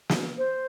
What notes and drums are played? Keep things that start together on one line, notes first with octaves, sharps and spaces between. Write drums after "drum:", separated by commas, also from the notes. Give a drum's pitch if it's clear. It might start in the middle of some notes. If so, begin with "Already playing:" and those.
drum: snare
C5